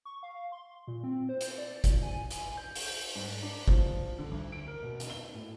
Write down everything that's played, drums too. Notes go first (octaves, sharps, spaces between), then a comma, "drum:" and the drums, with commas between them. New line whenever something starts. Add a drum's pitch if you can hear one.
C#6
F5
C6
A#2
C4
C5
drum: hi-hat
D5
A#2, drum: kick, hi-hat
G#5
drum: hi-hat
G6
drum: open hi-hat
G#2
D4
F3, drum: kick
D3
D2
D7
A#4
B2
drum: hi-hat
G7
A2